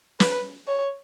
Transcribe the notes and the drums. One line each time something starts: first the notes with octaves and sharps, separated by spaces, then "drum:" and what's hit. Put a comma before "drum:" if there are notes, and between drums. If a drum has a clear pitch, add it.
B4, drum: snare
C#5